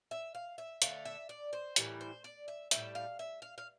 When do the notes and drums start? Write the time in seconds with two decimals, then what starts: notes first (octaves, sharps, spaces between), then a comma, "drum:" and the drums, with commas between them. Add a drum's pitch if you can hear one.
0.11 E5
0.35 F5
0.58 E5
0.82 D3 A3 F5, drum: hi-hat
1.05 E5
1.29 D5
1.53 C5
1.76 A2 E3 G3 A#4, drum: hi-hat
2.01 C5
2.24 D5
2.48 E5
2.71 A2 E3 G3 E5, drum: hi-hat
2.95 F5
3.19 E5
3.42 F5
3.58 F5